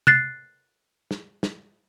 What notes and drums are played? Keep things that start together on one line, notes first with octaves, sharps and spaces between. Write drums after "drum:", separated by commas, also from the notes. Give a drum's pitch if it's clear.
F#6 A6 C7, drum: tom C3
drum: snare
drum: snare